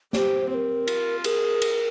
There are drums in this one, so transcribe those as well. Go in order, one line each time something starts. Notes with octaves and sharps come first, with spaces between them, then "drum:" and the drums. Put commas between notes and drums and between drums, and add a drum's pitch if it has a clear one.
G4 C5 D5, drum: snare
C4 A#4 C5
F4, drum: cymbal
G#4 A#4, drum: cymbal
drum: cymbal